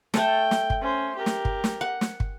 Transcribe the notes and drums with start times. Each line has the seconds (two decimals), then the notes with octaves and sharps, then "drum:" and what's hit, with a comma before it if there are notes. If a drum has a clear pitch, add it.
0.14 A3 A4 G5, drum: snare
0.51 drum: snare
0.70 drum: kick
0.81 C#4 C5
1.16 G4 A#4
1.26 drum: snare
1.45 drum: kick
1.64 drum: snare
1.81 F#5
2.01 drum: snare
2.20 drum: kick